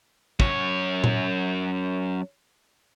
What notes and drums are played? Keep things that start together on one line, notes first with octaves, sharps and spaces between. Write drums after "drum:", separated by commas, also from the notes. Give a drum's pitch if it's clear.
F#2 C#5, drum: kick
drum: tom A#2